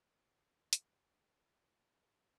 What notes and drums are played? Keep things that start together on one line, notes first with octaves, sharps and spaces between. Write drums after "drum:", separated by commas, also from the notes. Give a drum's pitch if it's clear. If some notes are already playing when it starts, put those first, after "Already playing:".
Already playing: G#3 G5
D#4
C4
D#4
D#4, drum: hi-hat
G#3
D#4
D#4
D#4
D#4 A5
C4
G#5
D#4